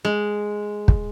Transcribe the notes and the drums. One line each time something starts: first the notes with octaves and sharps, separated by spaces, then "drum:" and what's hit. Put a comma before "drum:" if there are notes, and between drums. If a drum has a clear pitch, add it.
G#3
drum: kick